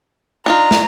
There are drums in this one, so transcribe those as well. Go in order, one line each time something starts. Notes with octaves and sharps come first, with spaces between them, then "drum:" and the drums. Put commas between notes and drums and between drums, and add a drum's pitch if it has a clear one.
D4 D#4 F4 A#5
drum: snare